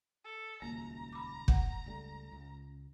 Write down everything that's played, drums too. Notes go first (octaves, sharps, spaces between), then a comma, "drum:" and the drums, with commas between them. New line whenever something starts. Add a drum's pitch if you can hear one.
A4
D#1 C#2 F#2 A#3 A#5
B5 D6
F#5, drum: kick
C#2 G3 A3
C#2